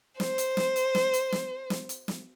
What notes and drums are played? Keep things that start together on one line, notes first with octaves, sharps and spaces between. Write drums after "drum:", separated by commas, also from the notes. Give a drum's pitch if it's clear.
C5, drum: snare
drum: hi-hat
drum: snare
drum: hi-hat
drum: snare
drum: hi-hat
drum: snare
drum: snare
drum: hi-hat
drum: snare